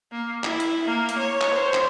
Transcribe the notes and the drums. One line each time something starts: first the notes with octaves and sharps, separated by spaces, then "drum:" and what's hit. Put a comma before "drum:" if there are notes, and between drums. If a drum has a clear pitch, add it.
A#3
E4, drum: clap
drum: hi-hat
A#3
drum: hi-hat
C#5
drum: clap
C5
drum: clap